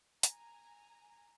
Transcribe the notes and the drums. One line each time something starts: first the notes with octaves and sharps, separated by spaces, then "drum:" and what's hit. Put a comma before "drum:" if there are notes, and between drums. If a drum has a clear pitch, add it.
G#5 A#5, drum: hi-hat